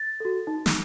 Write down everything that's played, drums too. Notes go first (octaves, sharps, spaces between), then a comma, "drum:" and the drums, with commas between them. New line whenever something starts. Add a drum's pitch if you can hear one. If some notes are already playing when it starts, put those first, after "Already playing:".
Already playing: A6
F#4 A4
D#4
drum: snare